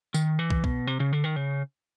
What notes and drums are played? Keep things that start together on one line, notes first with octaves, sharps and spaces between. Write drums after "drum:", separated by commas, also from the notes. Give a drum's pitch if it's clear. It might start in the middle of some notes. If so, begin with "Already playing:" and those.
D#3, drum: tambourine
E3
drum: kick
B2, drum: kick
C3
C#3
D3
D#3
C#3